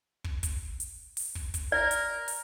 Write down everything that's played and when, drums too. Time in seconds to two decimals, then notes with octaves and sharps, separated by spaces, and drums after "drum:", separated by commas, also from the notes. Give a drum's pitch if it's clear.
0.24 drum: kick
0.43 drum: kick, hi-hat
0.80 drum: hi-hat
1.17 drum: open hi-hat
1.35 drum: kick
1.54 drum: kick, hi-hat
1.72 A#4 D5
1.91 drum: hi-hat
2.28 drum: open hi-hat